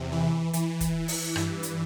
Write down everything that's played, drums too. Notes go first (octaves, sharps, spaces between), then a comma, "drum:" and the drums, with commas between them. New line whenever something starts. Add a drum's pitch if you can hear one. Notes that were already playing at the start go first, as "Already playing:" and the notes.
Already playing: E2 C3
E3
E3, drum: hi-hat
drum: kick, hi-hat
drum: open hi-hat
G2 E3, drum: rim click
drum: hi-hat